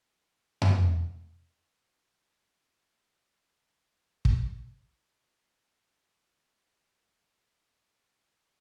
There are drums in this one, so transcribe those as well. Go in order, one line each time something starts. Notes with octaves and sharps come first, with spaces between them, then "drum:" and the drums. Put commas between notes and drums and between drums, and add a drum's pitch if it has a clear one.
D#3 F3 A3
drum: tom F2
F#2 A#2 C#3 F#3 D4
C3 D#4 G#4
G#3
D4
drum: kick
G#4
A5 F#6 B6